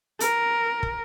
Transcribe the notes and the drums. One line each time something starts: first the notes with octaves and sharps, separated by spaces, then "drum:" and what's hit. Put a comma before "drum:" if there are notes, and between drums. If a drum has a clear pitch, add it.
A#4, drum: hi-hat
drum: kick